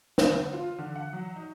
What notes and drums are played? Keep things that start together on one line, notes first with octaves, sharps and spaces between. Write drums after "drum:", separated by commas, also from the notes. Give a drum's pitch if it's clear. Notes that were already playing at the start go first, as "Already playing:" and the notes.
D3, drum: snare
F4
D3
F#5
F#3
D#4